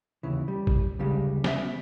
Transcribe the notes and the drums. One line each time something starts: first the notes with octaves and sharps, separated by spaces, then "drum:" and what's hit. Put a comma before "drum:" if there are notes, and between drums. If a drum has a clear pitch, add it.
D#2 C#3 E3
G3
drum: kick G1
D2 C#3 G3 G#3
B3 E5, drum: snare